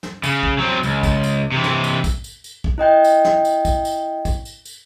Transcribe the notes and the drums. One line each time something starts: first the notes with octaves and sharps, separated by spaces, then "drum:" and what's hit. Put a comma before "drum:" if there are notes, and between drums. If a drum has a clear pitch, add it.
drum: snare
C#3, drum: tambourine
drum: kick
F#3 C4
C#2, drum: tambourine
drum: kick, tambourine
drum: tambourine
C3 E3
drum: snare
drum: tambourine
drum: kick, tambourine
drum: tambourine
drum: tambourine
drum: kick
E4 D#5 G5 G6
drum: tambourine
drum: snare
drum: tambourine
drum: kick, tambourine
drum: tambourine
drum: kick, tambourine
drum: tambourine
drum: tambourine